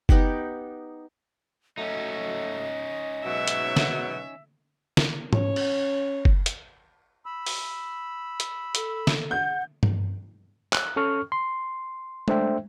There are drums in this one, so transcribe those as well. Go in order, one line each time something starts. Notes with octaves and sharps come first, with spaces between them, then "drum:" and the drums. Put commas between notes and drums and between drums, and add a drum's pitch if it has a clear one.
B3 D#4 G4 F#5, drum: kick F#1
F#3 A3 C#4 D#4 D#5
G#2 B2 F#3 E5
drum: hi-hat
drum: snare
drum: snare
C#4 C#5, drum: tom G#2
drum: cymbal
drum: kick F#1
drum: hi-hat
B5 E6
drum: open hi-hat
drum: hi-hat
A4, drum: hi-hat
drum: snare
F#5 G6
drum: tom G2
F#6, drum: clap
C#4 A4 C#6 F6
C6
A3 D4 C5 E5 G5, drum: tom G#3